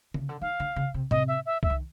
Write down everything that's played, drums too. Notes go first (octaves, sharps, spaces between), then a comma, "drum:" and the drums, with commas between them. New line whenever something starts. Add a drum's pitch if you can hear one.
C#3, drum: tom D3
D3
D#3 F5
D3
C#3
C3
C3 D#5, drum: tom A2
E5
E5
E5, drum: kick C2
D#3